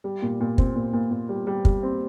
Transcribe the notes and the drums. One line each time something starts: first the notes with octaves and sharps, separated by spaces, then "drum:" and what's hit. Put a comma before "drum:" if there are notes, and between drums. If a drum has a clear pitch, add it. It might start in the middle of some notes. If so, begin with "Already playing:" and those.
G3
A#2
A#2
C4, drum: kick
A#2
A#2
A#2
G3
G3
G3, drum: kick
C4